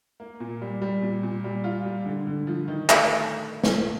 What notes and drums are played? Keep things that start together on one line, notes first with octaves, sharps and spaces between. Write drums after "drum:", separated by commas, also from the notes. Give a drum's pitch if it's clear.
A#3
A#2
G3
G3
A#2
A#2
G3
F4
G3
D3
D3
F3
D#3
A3, drum: clap
drum: snare